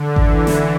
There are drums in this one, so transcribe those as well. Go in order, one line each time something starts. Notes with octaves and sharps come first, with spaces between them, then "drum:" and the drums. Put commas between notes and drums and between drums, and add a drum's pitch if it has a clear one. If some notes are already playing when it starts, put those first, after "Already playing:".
Already playing: D3
E3, drum: kick G#1
drum: snare